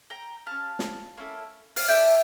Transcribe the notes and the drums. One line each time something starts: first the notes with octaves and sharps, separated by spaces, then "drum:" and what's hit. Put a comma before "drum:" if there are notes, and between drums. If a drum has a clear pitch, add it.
G5 A#5
C#4 G4 F5 A5
drum: snare
A#3 C#4 E4 A4
F5, drum: open hi-hat
A3 D4 G4 E5 G5